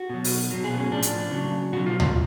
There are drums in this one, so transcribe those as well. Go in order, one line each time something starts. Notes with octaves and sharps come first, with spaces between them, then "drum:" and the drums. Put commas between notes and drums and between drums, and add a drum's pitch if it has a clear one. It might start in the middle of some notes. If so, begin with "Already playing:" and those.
Already playing: F#4
B2 F#3
drum: open hi-hat
B2 F#3
G#4
B3
C#4
A2 F3 D4
drum: hi-hat
C#3 F#3
B2 F#3 F#4
F4
F4, drum: tom C#2